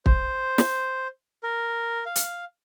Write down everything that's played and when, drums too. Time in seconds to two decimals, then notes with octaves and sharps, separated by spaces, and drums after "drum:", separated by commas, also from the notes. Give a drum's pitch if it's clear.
0.06 C5, drum: kick
0.58 drum: snare
1.43 A#4
2.06 F5
2.16 drum: hi-hat